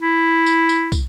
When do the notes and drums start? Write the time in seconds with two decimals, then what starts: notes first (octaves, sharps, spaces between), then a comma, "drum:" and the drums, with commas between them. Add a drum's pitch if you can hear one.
0.01 E4
0.46 drum: tambourine
0.69 drum: tambourine
0.92 drum: kick, tambourine